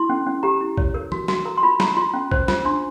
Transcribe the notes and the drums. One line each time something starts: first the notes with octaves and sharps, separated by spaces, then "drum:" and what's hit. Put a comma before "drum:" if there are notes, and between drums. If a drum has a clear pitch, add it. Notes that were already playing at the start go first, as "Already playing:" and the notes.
Already playing: E4 C6
C#4
C#4
G4 A#5
E4
C#5, drum: kick A#1
A#4
F#4, drum: tom
F#4, drum: snare
A#4 A#5
C6
F4 B5
F4 A#5, drum: snare
F4 C6
C#4
C5, drum: kick A#1
F4, drum: snare
D4 C6